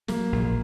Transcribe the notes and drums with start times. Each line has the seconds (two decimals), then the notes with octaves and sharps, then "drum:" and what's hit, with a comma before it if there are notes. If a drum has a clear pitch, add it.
0.08 F#3 A#3, drum: snare
0.32 A#1